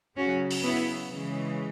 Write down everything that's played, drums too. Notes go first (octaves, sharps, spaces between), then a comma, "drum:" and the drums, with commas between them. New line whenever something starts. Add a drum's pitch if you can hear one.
C#3 F#3 C#4 F#4
drum: open hi-hat
B3 E4
C#3 E3 G#3